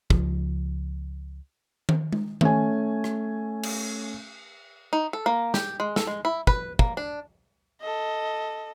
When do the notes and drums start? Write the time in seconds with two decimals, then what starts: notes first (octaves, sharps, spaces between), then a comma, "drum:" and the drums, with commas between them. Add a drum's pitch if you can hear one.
0.10 C#2 F3, drum: kick
1.89 drum: tom D#3
2.13 drum: tom G#3
2.41 A3 C#4 G#5, drum: tom D#3
3.04 drum: rim click
3.63 drum: cymbal
4.93 D#4
5.13 A4
5.26 A#3
5.54 G4, drum: snare
5.80 G#3
5.96 A4, drum: snare
6.07 G#3
6.25 E4
6.47 B4, drum: kick
6.79 A#3, drum: kick
6.97 D4
7.81 A4 D#5